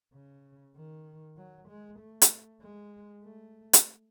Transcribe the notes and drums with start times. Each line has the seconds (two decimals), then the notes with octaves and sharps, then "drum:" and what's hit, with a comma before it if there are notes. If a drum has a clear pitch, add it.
0.14 C#3
0.76 D#3
1.37 F#3
1.68 G#3
1.99 A3
2.22 drum: hi-hat
2.61 G#3
3.23 A3
3.73 drum: hi-hat